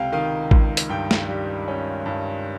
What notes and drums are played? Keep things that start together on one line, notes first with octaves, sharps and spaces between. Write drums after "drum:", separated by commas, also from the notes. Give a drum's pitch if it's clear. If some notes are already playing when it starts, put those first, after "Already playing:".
Already playing: C#2 C3 F5 G5
D#3 F5
C#2, drum: kick A1
drum: hi-hat
G2 G5
drum: snare
G3
C#4
G2